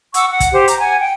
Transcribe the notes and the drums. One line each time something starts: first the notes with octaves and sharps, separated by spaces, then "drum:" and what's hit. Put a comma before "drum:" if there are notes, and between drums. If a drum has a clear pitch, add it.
F#5 C#6 D6 E6, drum: hi-hat
F#5
drum: kick, hi-hat
G4 C5
A#5, drum: hi-hat
F#5 G#5
G5